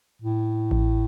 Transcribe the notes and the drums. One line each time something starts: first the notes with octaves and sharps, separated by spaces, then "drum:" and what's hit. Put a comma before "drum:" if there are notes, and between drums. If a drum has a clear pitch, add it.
A2
drum: kick A1